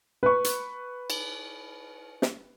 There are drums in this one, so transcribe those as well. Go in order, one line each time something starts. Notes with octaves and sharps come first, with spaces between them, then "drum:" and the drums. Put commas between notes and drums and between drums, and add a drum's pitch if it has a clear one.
B4 C#6
drum: hi-hat
drum: cymbal
drum: snare